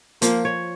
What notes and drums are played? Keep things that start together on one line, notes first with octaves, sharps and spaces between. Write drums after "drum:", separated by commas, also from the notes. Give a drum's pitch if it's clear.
F3 A#3, drum: hi-hat
C#5